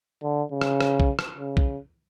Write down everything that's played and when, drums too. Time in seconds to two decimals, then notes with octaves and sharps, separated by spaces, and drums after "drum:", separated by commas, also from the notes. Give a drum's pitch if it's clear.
0.23 D3
0.51 C#3
0.61 drum: rim click
0.81 drum: rim click
1.00 drum: kick B1
1.19 drum: rim click
1.38 C#3
1.57 drum: kick B1